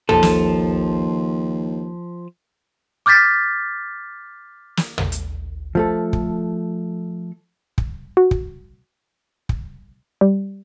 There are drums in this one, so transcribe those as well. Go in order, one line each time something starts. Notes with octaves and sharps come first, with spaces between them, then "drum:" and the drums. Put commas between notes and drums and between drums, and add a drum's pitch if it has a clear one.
D#2 F3 A4, drum: tom
drum: snare
D6 F6 G6 A6 B6
drum: snare
drum: tom
drum: hi-hat
F3 A3 A4
drum: kick
drum: kick
F#4
drum: kick
drum: kick
G3